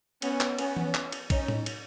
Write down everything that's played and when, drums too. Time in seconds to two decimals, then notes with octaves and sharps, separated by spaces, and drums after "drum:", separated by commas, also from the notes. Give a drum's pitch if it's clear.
0.22 B3 C#4, drum: cymbal
0.41 drum: clap
0.58 B3 C#4, drum: cymbal
0.77 drum: tom E3
0.94 drum: clap
1.12 drum: cymbal
1.30 C#4 D#4, drum: kick, cymbal
1.48 drum: tom A2
1.66 drum: cymbal